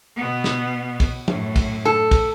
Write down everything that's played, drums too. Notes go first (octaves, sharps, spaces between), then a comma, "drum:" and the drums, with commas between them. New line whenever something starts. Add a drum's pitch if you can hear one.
B2 B3
drum: snare
drum: kick, cymbal
F#2 A2, drum: tom
drum: kick, cymbal
A4
drum: kick, cymbal